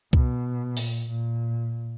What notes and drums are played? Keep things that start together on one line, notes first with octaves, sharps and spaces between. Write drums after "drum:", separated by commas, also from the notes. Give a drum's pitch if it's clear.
B2, drum: kick C2
A#2, drum: open hi-hat
A#2